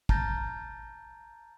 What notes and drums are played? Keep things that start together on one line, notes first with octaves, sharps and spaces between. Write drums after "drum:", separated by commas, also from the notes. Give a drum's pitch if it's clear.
A5 A#5 F6 G6 A6 A#6, drum: kick